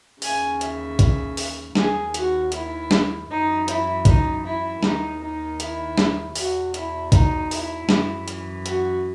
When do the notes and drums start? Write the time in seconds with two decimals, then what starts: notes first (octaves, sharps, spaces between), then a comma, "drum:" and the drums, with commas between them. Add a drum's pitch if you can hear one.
0.22 D#2 C#3 E3 G#5, drum: open hi-hat
0.61 E5, drum: hi-hat
0.99 drum: kick, hi-hat
1.37 drum: open hi-hat
1.75 D#2 D#3 G#4, drum: snare
2.14 F#4, drum: hi-hat
2.52 E4, drum: hi-hat
2.91 drum: snare
3.29 F#2 E3 D#4
3.68 E4, drum: hi-hat
4.05 D#4, drum: kick, hi-hat
4.44 E4
4.83 D#2 D#3 D#4, drum: snare
5.20 D#4
5.60 E4, drum: hi-hat
5.98 drum: snare
6.35 E2 B2 F#4, drum: open hi-hat
6.74 E4, drum: hi-hat
7.12 D#4, drum: kick, hi-hat
7.51 E4, drum: open hi-hat
7.89 F#2 E3, drum: snare
8.28 drum: hi-hat
8.66 F#4, drum: hi-hat